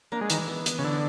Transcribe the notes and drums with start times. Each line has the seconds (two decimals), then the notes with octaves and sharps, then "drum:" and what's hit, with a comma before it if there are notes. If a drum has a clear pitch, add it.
0.12 A#3 D4
0.21 G#3
0.30 D#3 E3, drum: hi-hat
0.48 B3
0.66 B3, drum: hi-hat
0.79 C#3
0.84 D3 E4